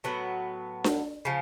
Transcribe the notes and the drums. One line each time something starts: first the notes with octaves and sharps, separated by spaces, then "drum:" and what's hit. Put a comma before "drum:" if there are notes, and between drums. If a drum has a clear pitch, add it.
A2 F#3 B3
drum: snare D4
C#3 F3